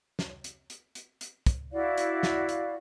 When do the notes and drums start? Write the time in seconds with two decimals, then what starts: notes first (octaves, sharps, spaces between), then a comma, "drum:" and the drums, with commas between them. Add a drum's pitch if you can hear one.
0.19 drum: snare
0.44 drum: hi-hat
0.70 drum: hi-hat
0.95 drum: hi-hat
1.21 drum: hi-hat
1.46 drum: kick, hi-hat
1.72 E4 F#4 D5 F5
1.98 drum: hi-hat
2.23 drum: snare
2.49 drum: hi-hat